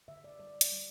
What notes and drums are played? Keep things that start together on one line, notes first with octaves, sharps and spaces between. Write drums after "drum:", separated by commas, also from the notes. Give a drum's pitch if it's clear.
D3 E5
D5
G3 D5
drum: hi-hat
G3